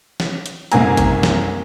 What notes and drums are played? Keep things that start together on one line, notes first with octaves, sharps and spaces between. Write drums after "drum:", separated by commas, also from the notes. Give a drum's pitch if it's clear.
drum: snare
drum: hi-hat
F#1 C2 A3 A#3 G#5 A#5, drum: hi-hat
drum: kick G#1, hi-hat
drum: snare